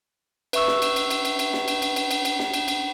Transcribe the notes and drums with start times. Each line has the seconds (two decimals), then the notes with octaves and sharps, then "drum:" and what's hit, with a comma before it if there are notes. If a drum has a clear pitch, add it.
0.53 B4 E5 C#6 E6, drum: cymbal
0.68 drum: snare
0.82 drum: cymbal
0.96 drum: cymbal
1.10 drum: cymbal
1.25 drum: cymbal
1.39 drum: cymbal
1.53 drum: snare
1.68 drum: cymbal
1.82 drum: cymbal
1.96 drum: cymbal
2.11 drum: cymbal
2.25 drum: cymbal
2.39 drum: snare
2.54 drum: cymbal
2.68 drum: cymbal